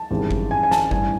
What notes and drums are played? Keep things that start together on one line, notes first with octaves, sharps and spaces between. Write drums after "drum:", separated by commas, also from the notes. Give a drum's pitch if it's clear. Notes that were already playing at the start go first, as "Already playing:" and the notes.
Already playing: A5
G#1 F#2 C#3 E3 G3
drum: kick G1
G#5
G#5
A5, drum: snare
A1 G2 E3 G#5, drum: kick G1